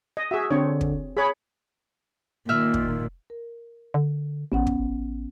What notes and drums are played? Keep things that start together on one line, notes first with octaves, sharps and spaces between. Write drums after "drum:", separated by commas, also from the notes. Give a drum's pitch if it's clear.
D#5
F#4 G#4 E5
D3 C4 C#5
drum: kick
G#4 C#5 B5
A#2 D#3 E5 F6
drum: kick
A#4
D3
A1 B3 C#4 F#5
drum: kick